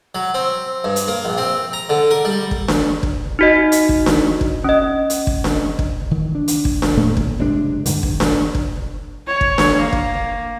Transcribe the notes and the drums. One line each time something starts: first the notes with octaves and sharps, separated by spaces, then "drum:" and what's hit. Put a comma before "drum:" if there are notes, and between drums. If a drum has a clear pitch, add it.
F#3
C4
G2
drum: hi-hat
A#3
A#1
C4
A#5
D3
A#4
G3
drum: kick
drum: snare D4
drum: kick
D#4 F#4 D#5
drum: hi-hat
drum: kick
drum: snare D4
drum: kick
C#4 D#5
drum: hi-hat
drum: kick
drum: snare D4
drum: kick
D#3
D4
drum: hi-hat
drum: kick
drum: snare D4
D#1 G2 A#2 A3
drum: kick
F#1 C3 G#3 D4
G2 D3 D#3, drum: hi-hat
drum: kick
drum: snare D4
drum: kick
C#5
drum: kick
drum: snare D4
A#3
drum: kick